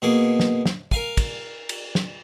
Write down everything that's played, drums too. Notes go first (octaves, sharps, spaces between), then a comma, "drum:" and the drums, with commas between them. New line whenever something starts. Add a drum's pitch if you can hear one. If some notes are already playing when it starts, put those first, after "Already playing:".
B2 A#3 G#4
drum: snare
drum: snare
A#4 F5 G#5, drum: kick
drum: kick, cymbal
drum: cymbal
drum: snare